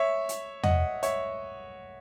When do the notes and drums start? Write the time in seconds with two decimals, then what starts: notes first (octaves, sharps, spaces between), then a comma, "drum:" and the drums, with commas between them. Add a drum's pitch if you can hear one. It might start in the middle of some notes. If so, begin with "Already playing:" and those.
Already playing: C#5 E5
0.29 drum: hi-hat
0.63 D#5 F#5, drum: tom E2
1.03 C#5 E5, drum: hi-hat